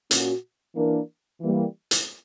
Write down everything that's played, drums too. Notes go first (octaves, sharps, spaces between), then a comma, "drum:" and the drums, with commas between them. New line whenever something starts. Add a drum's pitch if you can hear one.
A#2 A#3 C#4 F#4, drum: hi-hat
E3 A#3 D4 A#4
E3 G3 A#3
drum: hi-hat